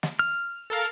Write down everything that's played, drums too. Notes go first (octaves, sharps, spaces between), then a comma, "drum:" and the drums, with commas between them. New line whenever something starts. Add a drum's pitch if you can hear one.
drum: snare
F6
A4 A#4 F5